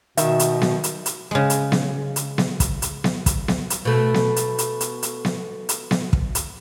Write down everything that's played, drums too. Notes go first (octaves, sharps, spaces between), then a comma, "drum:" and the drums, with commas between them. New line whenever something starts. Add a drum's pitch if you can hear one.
B2 D#3 E5, drum: hi-hat
drum: hi-hat
drum: snare B3
drum: hi-hat
drum: hi-hat
C#3 G#3
drum: hi-hat
drum: snare B3
drum: hi-hat
drum: snare B3
drum: kick, hi-hat
drum: hi-hat
drum: snare B3
drum: kick, hi-hat
drum: snare B3
drum: hi-hat
B2 A3
drum: snare B3
drum: hi-hat
drum: hi-hat
drum: hi-hat
drum: hi-hat
drum: snare B3
drum: hi-hat
drum: snare B3
drum: kick
drum: hi-hat